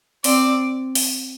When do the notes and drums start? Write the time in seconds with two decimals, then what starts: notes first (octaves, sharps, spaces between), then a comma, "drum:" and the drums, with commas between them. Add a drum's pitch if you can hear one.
0.24 C4 D5, drum: open hi-hat
0.95 drum: open hi-hat